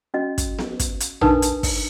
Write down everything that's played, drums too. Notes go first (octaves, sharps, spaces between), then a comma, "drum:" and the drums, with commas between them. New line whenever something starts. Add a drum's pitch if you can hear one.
C#4 F#4 D#5
drum: kick, hi-hat
drum: snare B3
drum: kick, hi-hat
drum: hi-hat
D4 D#4 A#4 B4 A5 D#6, drum: tom A#1
drum: hi-hat
drum: kick, open hi-hat